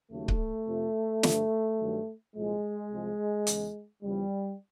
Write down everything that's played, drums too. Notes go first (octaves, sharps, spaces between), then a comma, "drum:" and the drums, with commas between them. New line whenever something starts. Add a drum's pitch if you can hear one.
D#2 C#3 F#3 A3
drum: kick C#1
F2 C3 F3
G2 D3 F3, drum: snare
G2 D#3 F#3
C2 A#2 F3 G#3
C2 C3 F3
E2 C#3 E3, drum: hi-hat
E2 C#3 F3 G3